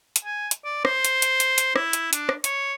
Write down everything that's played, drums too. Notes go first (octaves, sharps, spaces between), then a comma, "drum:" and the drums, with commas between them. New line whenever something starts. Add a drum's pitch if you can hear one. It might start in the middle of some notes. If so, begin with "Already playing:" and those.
drum: hi-hat
G#5
drum: hi-hat
D5
C5, drum: rim click
drum: hi-hat
drum: hi-hat
drum: hi-hat
drum: hi-hat
E4, drum: rim click
drum: hi-hat
D4, drum: hi-hat
drum: rim click
C#5, drum: hi-hat